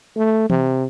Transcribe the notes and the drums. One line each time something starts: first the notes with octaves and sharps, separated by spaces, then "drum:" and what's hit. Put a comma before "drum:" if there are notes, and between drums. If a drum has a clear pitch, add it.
A3
C3, drum: tom E3